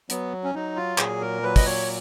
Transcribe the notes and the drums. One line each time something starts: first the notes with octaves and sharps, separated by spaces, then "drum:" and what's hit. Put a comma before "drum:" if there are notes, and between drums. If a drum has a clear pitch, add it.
F#3 B3, drum: hi-hat
C#4
F#3 D#4
F4
A#2 G#4, drum: clap
A#4
F#3 B4
D#5, drum: kick, open hi-hat
C#5